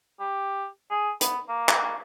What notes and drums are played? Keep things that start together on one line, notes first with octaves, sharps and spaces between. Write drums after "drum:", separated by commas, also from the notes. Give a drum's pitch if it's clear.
G4
G#4
B3, drum: hi-hat
A#3
drum: clap